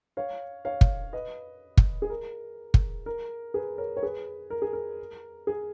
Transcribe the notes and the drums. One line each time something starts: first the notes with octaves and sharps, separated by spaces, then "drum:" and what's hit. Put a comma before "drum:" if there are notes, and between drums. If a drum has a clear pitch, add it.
C#5 F5
C#5 F5
drum: kick
B4 D#5
drum: kick
G#4
A#4
drum: kick
A#4
G#4 B4
A#4 C#5
C#5
G#4 B4
A#4
G#4
A#4
G#4